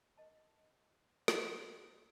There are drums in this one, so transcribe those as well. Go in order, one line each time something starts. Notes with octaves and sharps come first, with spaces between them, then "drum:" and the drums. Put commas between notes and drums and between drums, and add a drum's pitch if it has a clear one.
A#4 D#5 A5
drum: snare